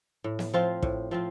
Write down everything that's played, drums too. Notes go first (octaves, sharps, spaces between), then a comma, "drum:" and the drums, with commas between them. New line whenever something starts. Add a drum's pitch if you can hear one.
A2
drum: snare
F3 C4 F4
A2, drum: kick
F3 C4 F4